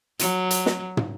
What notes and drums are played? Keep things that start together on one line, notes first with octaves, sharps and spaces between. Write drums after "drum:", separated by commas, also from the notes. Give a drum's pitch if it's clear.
F#3, drum: hi-hat
drum: hi-hat
drum: snare
drum: tom